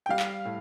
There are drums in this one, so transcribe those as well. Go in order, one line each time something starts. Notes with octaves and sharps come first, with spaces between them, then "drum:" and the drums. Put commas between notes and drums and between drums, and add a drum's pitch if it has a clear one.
G5
G3 F5
drum: clap
A2